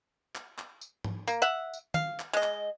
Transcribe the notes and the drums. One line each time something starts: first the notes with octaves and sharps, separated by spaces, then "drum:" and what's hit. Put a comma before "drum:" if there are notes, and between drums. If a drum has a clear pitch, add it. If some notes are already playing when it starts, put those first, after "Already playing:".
drum: clap
drum: clap
drum: tambourine
drum: tom G#2
A#3, drum: tambourine
E5 F#5
drum: tambourine
F5, drum: tom
drum: clap
G#3 D#5
drum: clap